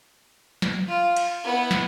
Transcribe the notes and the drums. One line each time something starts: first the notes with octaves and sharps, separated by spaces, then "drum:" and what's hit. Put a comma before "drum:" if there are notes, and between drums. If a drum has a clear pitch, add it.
drum: snare
F4
drum: cymbal
B3 E4
drum: snare